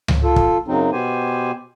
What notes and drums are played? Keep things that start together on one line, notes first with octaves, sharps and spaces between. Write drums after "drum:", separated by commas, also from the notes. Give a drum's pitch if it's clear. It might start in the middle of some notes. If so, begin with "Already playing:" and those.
drum: tom C#2
F4 A4
drum: kick
F#2 C#3 F#3 C4 D#4
B2 B3 G4 C5 G#5